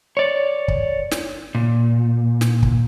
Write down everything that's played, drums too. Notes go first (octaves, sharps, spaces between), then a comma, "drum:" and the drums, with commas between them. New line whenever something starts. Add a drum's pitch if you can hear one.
C#5 D5
drum: kick
drum: snare
A#2
drum: snare
drum: kick